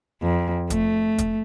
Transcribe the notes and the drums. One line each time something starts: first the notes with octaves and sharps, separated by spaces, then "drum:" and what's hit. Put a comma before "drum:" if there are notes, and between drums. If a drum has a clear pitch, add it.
F2
A3, drum: kick, hi-hat
drum: kick, hi-hat